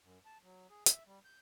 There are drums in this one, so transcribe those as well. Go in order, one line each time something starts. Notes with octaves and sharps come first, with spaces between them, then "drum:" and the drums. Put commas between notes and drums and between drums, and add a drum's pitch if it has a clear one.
F#2
A5
F#3
G#4
E5, drum: hi-hat
G3
G6